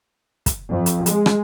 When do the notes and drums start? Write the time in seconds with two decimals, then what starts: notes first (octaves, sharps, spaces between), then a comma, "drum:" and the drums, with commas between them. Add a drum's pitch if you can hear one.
0.46 drum: kick, hi-hat
0.70 F2
0.86 drum: hi-hat
1.06 G#3, drum: hi-hat
1.26 drum: rim click